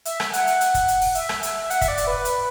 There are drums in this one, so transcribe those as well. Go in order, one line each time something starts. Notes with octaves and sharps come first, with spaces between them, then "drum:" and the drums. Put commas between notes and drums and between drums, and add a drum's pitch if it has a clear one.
E5, drum: hi-hat
drum: rim click
F#5, drum: hi-hat
drum: hi-hat
drum: hi-hat
drum: kick, hi-hat
drum: hi-hat
drum: open hi-hat
E5, drum: hi-hat
drum: rim click
drum: hi-hat
E5
F#5, drum: hi-hat
E5, drum: kick, hi-hat
D5
drum: hi-hat
B4
drum: hi-hat